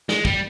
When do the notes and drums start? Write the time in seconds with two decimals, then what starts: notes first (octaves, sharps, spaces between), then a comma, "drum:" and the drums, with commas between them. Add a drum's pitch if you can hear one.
0.09 G#3, drum: snare
0.25 G3, drum: kick